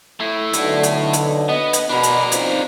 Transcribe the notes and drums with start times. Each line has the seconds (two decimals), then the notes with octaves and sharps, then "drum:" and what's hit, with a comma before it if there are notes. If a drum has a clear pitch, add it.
0.20 A3 E4
0.53 B1 D3, drum: hi-hat
0.83 drum: hi-hat
1.13 drum: hi-hat
1.49 B3 D#5
1.73 drum: hi-hat
1.89 B2 D4 A#4 B5
2.03 drum: hi-hat
2.32 C4 D#4 F4 C5, drum: hi-hat